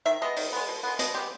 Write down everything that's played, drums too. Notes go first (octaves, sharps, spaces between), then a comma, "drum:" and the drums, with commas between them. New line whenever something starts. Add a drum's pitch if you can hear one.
D#3 E5
G#3 B3 D#5
D#3, drum: open hi-hat
G#3 B3
B2
G#3 B3
B2 D#5, drum: hi-hat
G#3 B3 G4